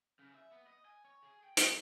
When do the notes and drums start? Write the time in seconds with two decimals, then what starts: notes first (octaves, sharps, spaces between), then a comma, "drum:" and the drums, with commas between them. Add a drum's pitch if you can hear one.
0.19 C#3
0.35 E5
0.51 B3
0.67 D#5
0.85 G#5
1.05 C#5
1.23 G#4
1.44 G5
1.57 E4, drum: hi-hat